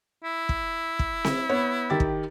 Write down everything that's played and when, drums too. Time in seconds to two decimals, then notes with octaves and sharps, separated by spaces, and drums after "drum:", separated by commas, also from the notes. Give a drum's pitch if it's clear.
0.24 E4
0.49 drum: kick
0.99 drum: kick
1.25 drum: snare C4
1.49 B3 C#5
1.90 D#3 G4 A6
2.00 drum: kick